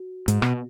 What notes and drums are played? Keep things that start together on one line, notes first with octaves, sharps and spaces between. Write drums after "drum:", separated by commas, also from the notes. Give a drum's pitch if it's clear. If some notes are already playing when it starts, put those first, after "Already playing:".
Already playing: F#4
G#2, drum: hi-hat
B2, drum: rim click